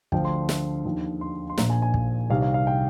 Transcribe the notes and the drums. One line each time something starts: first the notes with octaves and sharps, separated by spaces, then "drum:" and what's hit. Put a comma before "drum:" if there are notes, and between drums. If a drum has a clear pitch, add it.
D2 D3 F3 G5, drum: kick
C6
drum: snare
D#2 D3 F3
C6
C6
A#1 A#2 F3 A#5, drum: snare
G#5
G#5
drum: kick
C2 C3 D#3 F5
F5
F5
G5